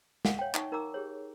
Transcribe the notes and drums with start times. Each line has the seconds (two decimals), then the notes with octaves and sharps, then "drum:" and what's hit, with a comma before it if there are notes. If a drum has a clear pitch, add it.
0.25 F5 F#5 G#5, drum: snare
0.39 C#5 G5
0.54 D#4 E5 C#6, drum: clap
0.72 D#4 A#4 G5 A#5 D6 E6
0.94 G4 G#4 C#5